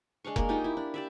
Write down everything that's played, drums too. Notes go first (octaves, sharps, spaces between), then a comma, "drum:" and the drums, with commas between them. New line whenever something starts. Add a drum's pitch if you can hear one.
G#3 D4 F5 C#6
G#3 A#3, drum: kick F1
D#4 F4 G4
E4
D4
G4 D5 E5